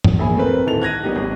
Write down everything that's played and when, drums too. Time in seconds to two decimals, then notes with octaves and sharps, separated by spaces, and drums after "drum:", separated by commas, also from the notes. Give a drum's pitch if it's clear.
0.04 drum: tom
0.18 A#1 A#3 G#4 E5 G#5 B5
0.36 A3 C4 A#4 B4
0.66 D1 D#3 E4 A4 A5 F7
0.81 F#6 G#6 A#6 D#7
1.04 F#3 A#3 B3 D4 D#4 G4
1.16 G#1